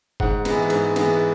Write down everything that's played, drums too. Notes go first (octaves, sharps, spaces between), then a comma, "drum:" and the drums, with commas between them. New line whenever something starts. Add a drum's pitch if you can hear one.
G#2 F#5, drum: kick
E3 G#3 B3, drum: cymbal
G#2, drum: cymbal
E3 G#3 B3, drum: cymbal